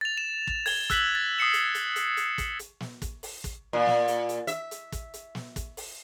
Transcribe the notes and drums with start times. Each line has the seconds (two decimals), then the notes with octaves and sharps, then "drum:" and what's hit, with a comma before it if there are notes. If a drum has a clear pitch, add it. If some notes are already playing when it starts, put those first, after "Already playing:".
0.01 A6 F7
0.18 E7
0.47 drum: kick
0.66 G#6 G7, drum: open hi-hat
0.90 E6 F#6 B6 E7 F#7, drum: kick, hi-hat
1.15 A6
1.39 D#6 C7 C#7 E7
1.53 drum: hi-hat
1.75 drum: hi-hat
1.96 drum: hi-hat
2.17 drum: hi-hat
2.38 drum: kick, hi-hat
2.59 drum: hi-hat
2.80 drum: snare
3.02 drum: kick, hi-hat
3.23 drum: open hi-hat
3.44 drum: kick, hi-hat
3.73 A#2
3.86 drum: snare
4.08 drum: hi-hat
4.29 drum: hi-hat
4.47 E5, drum: hi-hat
4.71 drum: hi-hat
4.92 drum: kick, hi-hat
5.14 drum: hi-hat
5.35 drum: snare
5.56 drum: kick, hi-hat
5.77 drum: open hi-hat